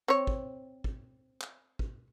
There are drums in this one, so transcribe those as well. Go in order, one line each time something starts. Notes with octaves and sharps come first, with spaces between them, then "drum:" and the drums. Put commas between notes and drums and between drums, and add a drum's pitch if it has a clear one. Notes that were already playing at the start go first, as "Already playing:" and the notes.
C4 C#5
drum: kick
drum: kick
drum: clap
drum: kick